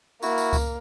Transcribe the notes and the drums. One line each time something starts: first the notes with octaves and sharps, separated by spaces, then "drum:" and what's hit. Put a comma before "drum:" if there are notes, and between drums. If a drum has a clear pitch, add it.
A#3 E4 F#4, drum: tambourine
drum: tambourine
drum: kick C#2, tambourine